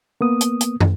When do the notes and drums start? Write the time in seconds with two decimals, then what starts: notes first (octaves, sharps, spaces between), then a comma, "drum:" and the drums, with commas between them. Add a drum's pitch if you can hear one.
0.21 A#3 B3 D#6
0.41 drum: hi-hat
0.61 drum: hi-hat
0.80 drum: tom